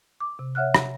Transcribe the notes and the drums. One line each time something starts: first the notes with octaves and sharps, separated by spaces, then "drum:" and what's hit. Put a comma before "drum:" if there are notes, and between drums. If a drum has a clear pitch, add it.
D6
C3
C#5 E5 F#5 F6 F#6
drum: rim click